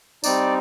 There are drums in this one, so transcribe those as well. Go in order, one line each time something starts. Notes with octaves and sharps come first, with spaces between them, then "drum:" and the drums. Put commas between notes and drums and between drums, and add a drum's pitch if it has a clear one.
G3 C4 D#4 D5, drum: tambourine